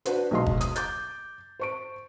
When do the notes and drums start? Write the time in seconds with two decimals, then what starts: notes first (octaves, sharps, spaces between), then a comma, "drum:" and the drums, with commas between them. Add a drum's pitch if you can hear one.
0.05 D4 F#4 B4 C5, drum: hi-hat
0.31 B1 F#3 G#3 D#5 C6
0.46 drum: kick
0.61 D#6, drum: hi-hat
0.76 D6 G6 A6, drum: hi-hat
1.59 C5 C#6 D7